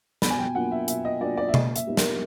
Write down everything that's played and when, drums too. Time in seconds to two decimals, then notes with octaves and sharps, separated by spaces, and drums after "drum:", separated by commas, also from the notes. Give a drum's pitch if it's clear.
0.22 B2 B5, drum: snare
0.30 G#5
0.39 G5
0.55 F#3 A#3 D4 F4 F#5
0.71 E5
0.88 B2 E5, drum: hi-hat
1.05 D#5
1.21 F#3 A#3 D4 F4 D5
1.37 D5
1.48 E5
1.54 A#2 D#5, drum: tom B2
1.76 E5, drum: hi-hat
1.87 G3 B3 D#4
1.97 A#4, drum: snare